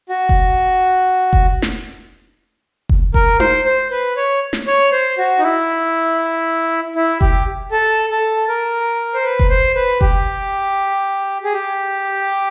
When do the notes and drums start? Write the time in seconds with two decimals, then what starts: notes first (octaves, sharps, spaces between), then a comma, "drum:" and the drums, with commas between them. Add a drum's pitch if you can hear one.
0.09 F#4
0.29 drum: kick F1
1.33 drum: kick F1
1.62 drum: snare
2.89 drum: kick F1
3.14 A#4, drum: kick F1
3.40 C5, drum: tom D#4
3.65 C5
3.91 B4
4.17 C#5
4.53 drum: snare
4.67 C#5
4.92 C5
5.18 F#4
5.39 D#4
5.43 E4
6.95 E4
7.21 G4, drum: kick F1
7.71 A4
8.11 A4
8.48 A#4
9.14 C5
9.24 B4
9.39 drum: kick F1
9.49 C5
9.76 B4
10.01 G4, drum: kick F1
11.44 G#4
11.53 G4